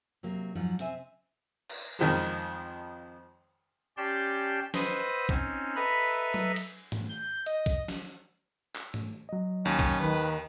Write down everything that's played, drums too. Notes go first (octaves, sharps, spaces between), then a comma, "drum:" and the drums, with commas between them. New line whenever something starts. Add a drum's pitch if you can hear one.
C3 F#3 A#3
G#2 F3 F#3 D#4
C3 C4 E5 G#5, drum: hi-hat
drum: cymbal
F2 D#3 F3 G#3
C#4 G4 D5 G5 A5 C6
B4 C5 D#5 F#5 D#6 E6, drum: snare
C4 C#4 D#4, drum: kick
A4 B4 D#5 E5 A#5 B5
drum: tom F#3
drum: cymbal
drum: tom G#2
G6
D#5, drum: hi-hat
drum: kick
drum: snare
drum: clap
drum: tom G#2
F#3 D#5
D#2 C#4
drum: kick
D#3 B4